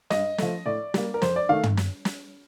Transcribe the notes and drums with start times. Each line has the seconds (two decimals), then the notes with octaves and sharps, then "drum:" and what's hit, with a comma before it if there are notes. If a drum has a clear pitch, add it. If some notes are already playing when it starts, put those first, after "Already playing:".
0.10 G2 D#5, drum: snare
0.38 F3 A3, drum: snare
0.66 A2 D5
0.94 G3 A#3, drum: snare
1.14 A#4
1.22 F2 C5, drum: snare
1.36 D5
1.49 D#3 A3 F5
1.63 drum: tom
1.77 drum: snare
2.05 drum: snare